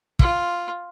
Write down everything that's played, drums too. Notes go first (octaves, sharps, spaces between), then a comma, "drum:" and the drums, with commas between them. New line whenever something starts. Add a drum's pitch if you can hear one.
F4, drum: kick